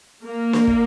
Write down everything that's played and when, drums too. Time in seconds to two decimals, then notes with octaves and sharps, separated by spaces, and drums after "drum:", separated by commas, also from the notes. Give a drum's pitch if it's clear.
0.25 A#3
0.53 drum: snare
0.67 drum: kick